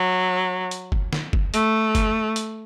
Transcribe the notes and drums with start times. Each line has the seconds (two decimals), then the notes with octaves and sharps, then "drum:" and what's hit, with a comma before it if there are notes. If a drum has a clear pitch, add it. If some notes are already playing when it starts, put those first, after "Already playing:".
Already playing: F#3
0.71 drum: hi-hat
0.92 drum: kick F#1
1.13 drum: snare
1.33 drum: kick F#1
1.54 A3, drum: hi-hat
1.95 drum: kick F#1, hi-hat
2.36 drum: hi-hat